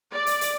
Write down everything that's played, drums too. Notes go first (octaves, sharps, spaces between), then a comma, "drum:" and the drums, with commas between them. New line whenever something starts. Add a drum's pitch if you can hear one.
D5
drum: hi-hat
drum: hi-hat